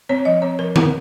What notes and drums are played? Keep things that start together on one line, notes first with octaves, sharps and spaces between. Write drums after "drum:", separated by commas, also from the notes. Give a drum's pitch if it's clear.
C4 C#5
F3 D#5
C4 C#5
F3 A#4
C4 A#4, drum: tom D3